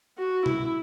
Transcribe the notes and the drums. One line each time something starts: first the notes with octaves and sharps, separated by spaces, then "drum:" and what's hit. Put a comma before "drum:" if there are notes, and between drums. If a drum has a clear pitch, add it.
F#4
E4, drum: tom B2